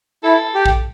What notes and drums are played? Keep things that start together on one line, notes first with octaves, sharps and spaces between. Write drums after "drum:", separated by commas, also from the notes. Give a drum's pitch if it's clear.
E4 A4
G4
drum: kick